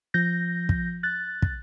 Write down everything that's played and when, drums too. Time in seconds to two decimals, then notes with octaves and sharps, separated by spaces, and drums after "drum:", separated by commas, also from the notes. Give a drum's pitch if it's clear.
0.14 F3 G6 A#6
0.69 drum: kick
1.03 F#6 A6
1.42 drum: kick